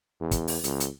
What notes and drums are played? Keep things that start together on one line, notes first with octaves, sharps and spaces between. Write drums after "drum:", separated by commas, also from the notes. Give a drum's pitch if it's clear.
E2
drum: kick, hi-hat
drum: open hi-hat
C#2, drum: hi-hat
drum: hi-hat